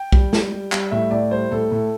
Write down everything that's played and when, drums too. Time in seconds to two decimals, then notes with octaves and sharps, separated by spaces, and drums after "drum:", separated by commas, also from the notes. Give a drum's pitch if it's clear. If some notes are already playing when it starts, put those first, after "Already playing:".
Already playing: G5
0.12 G3, drum: kick
0.33 G3, drum: snare
0.52 G3
0.72 G3, drum: clap
0.91 A2 E5
1.11 A2 D5
1.31 G3 C5
1.51 A2 A4
1.71 A2